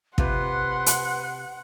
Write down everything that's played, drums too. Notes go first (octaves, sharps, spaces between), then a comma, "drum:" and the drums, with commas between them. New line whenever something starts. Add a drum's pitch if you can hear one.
C3 F4 B4 F#5 C6, drum: kick
drum: hi-hat